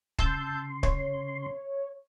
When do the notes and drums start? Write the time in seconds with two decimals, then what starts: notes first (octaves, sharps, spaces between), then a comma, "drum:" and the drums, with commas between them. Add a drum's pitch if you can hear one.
0.18 C#3 A5 C6 E6 G6, drum: kick
0.83 C#5, drum: kick